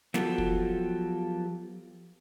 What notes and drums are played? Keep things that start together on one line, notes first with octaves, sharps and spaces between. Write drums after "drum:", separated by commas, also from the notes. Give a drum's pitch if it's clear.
F3 F#3 B3 F4 G4 A4, drum: snare
drum: kick